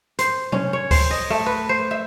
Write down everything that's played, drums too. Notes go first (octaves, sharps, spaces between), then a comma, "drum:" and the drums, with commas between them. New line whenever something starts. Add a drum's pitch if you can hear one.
C5, drum: hi-hat
C#4, drum: tom
C#5
C5, drum: kick D2, open hi-hat
D#5
A3
B4
C5
E5